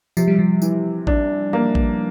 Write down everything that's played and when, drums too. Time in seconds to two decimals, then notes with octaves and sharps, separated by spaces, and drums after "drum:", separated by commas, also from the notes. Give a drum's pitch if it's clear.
0.17 C3 F3, drum: tambourine
0.28 G3
0.39 F3
0.62 E3, drum: tambourine
1.07 D4, drum: kick A1
1.53 A#3, drum: tom E3
1.75 drum: kick A1